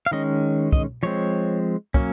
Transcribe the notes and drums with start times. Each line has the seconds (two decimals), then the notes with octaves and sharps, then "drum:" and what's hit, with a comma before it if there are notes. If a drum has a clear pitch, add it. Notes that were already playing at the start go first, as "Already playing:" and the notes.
0.06 F5
0.11 D#3 G#3 C#4 D#5
0.72 D#5, drum: kick
1.03 F3 G#3 C4 C#5
1.94 F#3 A#3 C#4, drum: kick